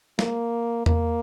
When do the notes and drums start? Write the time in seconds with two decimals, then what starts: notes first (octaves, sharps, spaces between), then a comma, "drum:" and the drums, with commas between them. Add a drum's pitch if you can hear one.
0.19 A#3, drum: snare
0.86 A#3, drum: tom E2